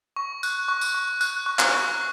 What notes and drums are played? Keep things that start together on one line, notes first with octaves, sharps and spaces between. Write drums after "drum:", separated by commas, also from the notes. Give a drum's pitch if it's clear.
C#6
F#6, drum: tambourine
C#6
drum: tambourine
C#6
F#6, drum: tambourine
C#6
drum: clap
C#6